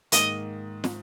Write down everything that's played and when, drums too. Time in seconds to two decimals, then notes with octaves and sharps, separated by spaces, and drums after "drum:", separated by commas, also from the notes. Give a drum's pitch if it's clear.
0.12 G#2 D#3 A#3 D#5, drum: hi-hat
0.84 drum: snare